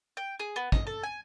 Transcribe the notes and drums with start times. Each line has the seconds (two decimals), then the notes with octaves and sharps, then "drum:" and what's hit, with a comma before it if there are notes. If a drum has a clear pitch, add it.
0.17 G5
0.40 G#4
0.56 B3
0.72 D#5, drum: kick
0.87 A4
1.03 G#5